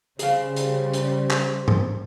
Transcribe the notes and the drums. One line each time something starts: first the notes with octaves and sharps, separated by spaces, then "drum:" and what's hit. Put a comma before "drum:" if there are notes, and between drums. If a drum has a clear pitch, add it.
C#3 G3 G#4 C5 F5, drum: hi-hat
drum: hi-hat
drum: hi-hat
drum: clap
drum: tom G#2